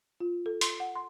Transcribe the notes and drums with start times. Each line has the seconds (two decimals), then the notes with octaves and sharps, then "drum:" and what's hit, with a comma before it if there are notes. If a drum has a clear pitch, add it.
0.20 F4
0.46 A4
0.61 C6, drum: hi-hat
0.80 F#5
0.95 C6